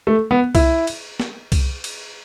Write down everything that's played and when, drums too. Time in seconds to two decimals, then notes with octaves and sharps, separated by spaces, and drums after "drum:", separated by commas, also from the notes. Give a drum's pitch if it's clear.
0.07 A3
0.31 B3
0.55 E4, drum: kick C2, cymbal
0.87 drum: cymbal
1.20 drum: snare
1.52 drum: kick C2, cymbal
1.84 drum: cymbal